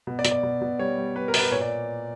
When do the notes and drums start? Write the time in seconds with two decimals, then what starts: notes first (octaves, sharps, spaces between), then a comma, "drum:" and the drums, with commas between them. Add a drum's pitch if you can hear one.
0.07 B2
0.19 D5
0.25 B2, drum: hi-hat
0.31 D5
0.43 B2
0.61 B2
0.79 G3 C#5
0.97 G3
1.16 G3 B4
1.28 A#4
1.34 B2, drum: open hi-hat
1.39 B4
1.51 A#2 C#5
1.61 D5